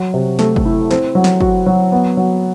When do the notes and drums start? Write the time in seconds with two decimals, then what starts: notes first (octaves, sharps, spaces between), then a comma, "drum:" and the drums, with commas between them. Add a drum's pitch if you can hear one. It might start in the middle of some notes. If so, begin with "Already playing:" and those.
Already playing: F#3 F#4
0.14 C3
0.39 A3, drum: snare
0.56 drum: kick
0.65 E4
0.91 C4, drum: snare
1.15 F#3
1.24 drum: snare
1.41 F#4, drum: kick
1.66 F#3
1.92 B3
2.17 F#3